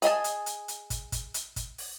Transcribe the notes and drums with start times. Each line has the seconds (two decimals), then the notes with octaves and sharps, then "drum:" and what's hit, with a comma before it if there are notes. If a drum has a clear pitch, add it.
0.02 G#4 D#5 G#5 A5, drum: hi-hat
0.24 drum: hi-hat
0.46 drum: hi-hat
0.68 drum: hi-hat
0.90 drum: kick, hi-hat
1.12 drum: kick, hi-hat
1.34 drum: hi-hat
1.56 drum: kick, hi-hat
1.78 drum: open hi-hat